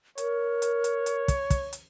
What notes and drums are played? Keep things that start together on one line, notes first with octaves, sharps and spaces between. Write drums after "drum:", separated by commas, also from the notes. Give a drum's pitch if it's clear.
A#4 C#5, drum: hi-hat
drum: hi-hat
drum: hi-hat
drum: hi-hat
drum: kick, hi-hat
drum: kick, hi-hat
drum: hi-hat